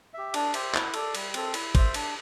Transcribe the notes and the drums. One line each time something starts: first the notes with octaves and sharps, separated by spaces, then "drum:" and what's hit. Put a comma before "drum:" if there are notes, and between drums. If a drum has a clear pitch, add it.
G4 E5
D4, drum: cymbal
G4 C5 E5, drum: cymbal
E4, drum: clap
A4 D5, drum: cymbal
G3, drum: cymbal
C4 A4, drum: cymbal
E4, drum: cymbal
C5 E5, drum: kick, cymbal
D4, drum: cymbal